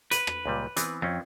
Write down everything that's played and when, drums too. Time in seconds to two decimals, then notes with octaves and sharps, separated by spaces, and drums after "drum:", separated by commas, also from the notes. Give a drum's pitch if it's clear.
0.11 B4, drum: hi-hat
0.27 drum: rim click
0.46 C#2 A#2 G3
0.77 E3 B3 C4, drum: hi-hat
1.02 F2 C4 C#4